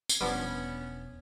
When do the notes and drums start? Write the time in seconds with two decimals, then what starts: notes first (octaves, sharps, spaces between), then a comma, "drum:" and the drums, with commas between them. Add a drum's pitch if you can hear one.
0.09 drum: tambourine
0.21 E1 F3 G3 B3 C#4 D4 B4 F#5